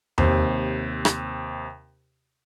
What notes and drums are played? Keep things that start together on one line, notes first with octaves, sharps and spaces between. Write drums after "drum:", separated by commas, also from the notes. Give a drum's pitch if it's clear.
D#2 C3 C5, drum: tom E2
drum: rim click